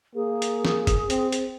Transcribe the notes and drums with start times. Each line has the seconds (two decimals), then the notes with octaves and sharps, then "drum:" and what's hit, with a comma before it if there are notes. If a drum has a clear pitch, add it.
0.15 A#3 G#4
0.42 drum: hi-hat
0.65 drum: snare
0.87 drum: kick, hi-hat
1.10 C4, drum: hi-hat
1.32 drum: hi-hat